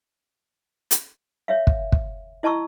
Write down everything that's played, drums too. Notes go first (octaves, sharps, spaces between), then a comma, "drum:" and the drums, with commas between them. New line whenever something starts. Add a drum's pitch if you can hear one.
drum: hi-hat
C#5 E5 F5
drum: kick
drum: kick
E4 D#5 A5 A#5 C#6 E6